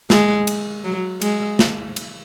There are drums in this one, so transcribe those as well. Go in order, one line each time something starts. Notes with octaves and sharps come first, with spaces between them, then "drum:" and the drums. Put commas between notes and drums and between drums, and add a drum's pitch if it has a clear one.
G#3, drum: snare
drum: cymbal
F#3
G#3, drum: cymbal
drum: snare
drum: cymbal